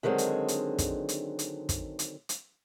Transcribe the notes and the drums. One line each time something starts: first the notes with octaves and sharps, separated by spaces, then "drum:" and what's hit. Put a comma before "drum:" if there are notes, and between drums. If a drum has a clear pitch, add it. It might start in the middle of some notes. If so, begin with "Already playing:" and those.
D3 D#3 F#3 G#3 C4
drum: hi-hat
drum: hi-hat
drum: kick, hi-hat
drum: hi-hat
drum: hi-hat
drum: kick, hi-hat
drum: hi-hat
drum: hi-hat